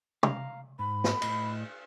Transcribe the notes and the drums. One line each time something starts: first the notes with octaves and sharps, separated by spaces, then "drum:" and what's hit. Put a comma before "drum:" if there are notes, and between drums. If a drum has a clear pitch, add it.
F5 A#5, drum: tom
G#2 B5
drum: snare
A2 D#5, drum: cymbal